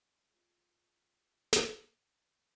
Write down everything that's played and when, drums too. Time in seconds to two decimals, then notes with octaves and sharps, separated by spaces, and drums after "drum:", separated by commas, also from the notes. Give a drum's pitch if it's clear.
0.31 G#3 F4 G#4
1.53 drum: snare